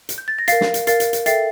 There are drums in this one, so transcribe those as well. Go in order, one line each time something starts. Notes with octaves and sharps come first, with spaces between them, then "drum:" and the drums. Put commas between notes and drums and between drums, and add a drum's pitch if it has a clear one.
drum: hi-hat
G6
A6
A#6
A#4 F5 A6 C7, drum: hi-hat
drum: snare
drum: hi-hat
A#4 F5 A6 C7, drum: hi-hat
drum: hi-hat
drum: hi-hat
A4 E5 G5 A6 C7, drum: hi-hat